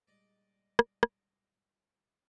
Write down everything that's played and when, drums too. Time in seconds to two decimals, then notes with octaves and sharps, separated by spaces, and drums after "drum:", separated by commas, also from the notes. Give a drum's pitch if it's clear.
0.07 A#2 G3 G#3 D5 D#5
0.79 drum: rim click
1.03 drum: rim click